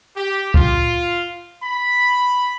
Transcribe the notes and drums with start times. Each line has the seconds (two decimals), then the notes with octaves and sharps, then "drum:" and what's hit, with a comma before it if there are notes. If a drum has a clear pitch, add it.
0.17 G4
0.54 F4, drum: kick C#2
1.64 B5